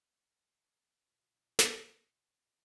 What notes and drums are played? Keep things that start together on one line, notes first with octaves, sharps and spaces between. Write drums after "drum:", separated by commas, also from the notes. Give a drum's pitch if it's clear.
A#2 C#3 F3
drum: snare